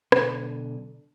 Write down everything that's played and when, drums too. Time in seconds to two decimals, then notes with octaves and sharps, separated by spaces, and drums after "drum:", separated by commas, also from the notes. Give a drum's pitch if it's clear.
0.12 B1 D3, drum: rim click